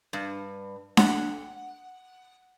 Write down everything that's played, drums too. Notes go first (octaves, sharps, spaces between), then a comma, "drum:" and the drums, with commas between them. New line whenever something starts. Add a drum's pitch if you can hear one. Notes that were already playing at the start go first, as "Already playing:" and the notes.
G2
F#5, drum: snare D4